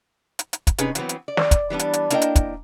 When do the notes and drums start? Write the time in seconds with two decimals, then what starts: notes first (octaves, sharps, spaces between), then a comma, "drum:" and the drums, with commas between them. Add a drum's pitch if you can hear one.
0.39 drum: hi-hat
0.53 drum: hi-hat
0.67 drum: kick, hi-hat
0.78 C3 C#4 D#4 G#4 B4 G#5, drum: hi-hat
0.95 E3 F#3 B3 C4, drum: hi-hat
1.09 drum: hi-hat
1.28 D5
1.37 drum: snare
1.51 drum: kick, hi-hat
1.70 E3 G3 B3 D4
1.79 drum: hi-hat
1.93 drum: hi-hat
2.10 A#3 D4 E4 A#4 D#5 G5, drum: hi-hat
2.22 drum: hi-hat
2.36 drum: kick, hi-hat